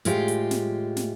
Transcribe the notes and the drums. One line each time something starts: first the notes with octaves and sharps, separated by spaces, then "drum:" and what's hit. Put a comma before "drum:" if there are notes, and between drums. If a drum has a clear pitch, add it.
A2 G#3 F4 G4, drum: hi-hat
drum: hi-hat
drum: snare
drum: snare